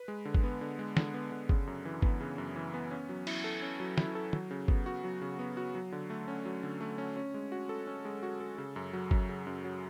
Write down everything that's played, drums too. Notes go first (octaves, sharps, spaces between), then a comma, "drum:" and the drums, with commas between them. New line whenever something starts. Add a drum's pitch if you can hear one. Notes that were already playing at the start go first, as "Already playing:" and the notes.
Already playing: B4
G#3
D3
drum: kick G1
B3
D3
G#3
D3, drum: snare
B3
D3
C#3, drum: kick G1
F#2
E3
B3, drum: kick G1
C#3
F#2
E3
B3
C#4
F#3
E4, drum: cymbal
A4
C#4
F#3
E4, drum: snare
A4
F#3, drum: tom
C#3
B3, drum: kick G1
F#4
F#3
C#3
B3
F#4
F#3
D3
A3
C#4
F#3
D3
A3
C#4
C#4
G#3
F#4
A4
C#4
G#3
F#4
A4
C#3
F#2
F#3
F#2, drum: kick G1
C#3
F#2
F#3